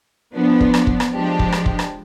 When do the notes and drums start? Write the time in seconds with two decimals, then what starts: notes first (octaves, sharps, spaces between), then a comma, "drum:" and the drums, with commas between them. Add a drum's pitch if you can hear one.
0.34 F3 B3 D4
0.61 drum: kick
0.74 drum: rim click
0.87 drum: kick
1.00 drum: rim click
1.14 F3 G#3 D4 G4
1.39 drum: kick
1.52 drum: rim click
1.66 drum: kick
1.79 drum: rim click